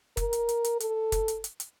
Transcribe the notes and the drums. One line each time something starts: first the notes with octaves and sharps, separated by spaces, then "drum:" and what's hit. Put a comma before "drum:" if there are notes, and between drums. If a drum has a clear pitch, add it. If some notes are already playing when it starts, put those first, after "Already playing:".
A#4, drum: kick, hi-hat
drum: hi-hat
drum: hi-hat
drum: hi-hat
A4, drum: hi-hat
drum: kick, hi-hat
drum: hi-hat
drum: hi-hat
drum: hi-hat